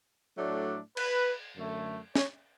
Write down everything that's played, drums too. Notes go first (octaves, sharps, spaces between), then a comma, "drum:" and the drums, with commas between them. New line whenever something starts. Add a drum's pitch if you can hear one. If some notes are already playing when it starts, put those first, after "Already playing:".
A2 F#3 A3 D4
B4, drum: cymbal
F#2 D3 A3
C#5, drum: snare